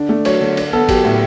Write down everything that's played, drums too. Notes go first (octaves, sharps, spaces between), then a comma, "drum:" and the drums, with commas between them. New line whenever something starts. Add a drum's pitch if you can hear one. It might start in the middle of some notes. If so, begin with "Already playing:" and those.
Already playing: D3 D4 D5
A3
F#3 C#5, drum: cymbal
D3
D4, drum: cymbal
B3 A4
F#3 G4, drum: kick G#1, cymbal
A2